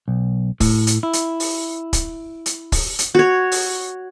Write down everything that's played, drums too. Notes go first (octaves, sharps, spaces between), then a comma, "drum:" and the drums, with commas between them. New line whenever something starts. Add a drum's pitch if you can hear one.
B1
A2, drum: kick, open hi-hat
drum: hi-hat
E4
drum: hi-hat
drum: open hi-hat
drum: kick, hi-hat
drum: hi-hat
drum: kick, open hi-hat
drum: hi-hat
F#4 C#5
drum: open hi-hat